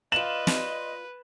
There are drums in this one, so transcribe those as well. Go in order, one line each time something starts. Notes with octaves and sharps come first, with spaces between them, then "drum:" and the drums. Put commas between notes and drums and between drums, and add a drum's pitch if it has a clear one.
F4 B4 D5 D#5 F5 C6 E7 F#7
drum: snare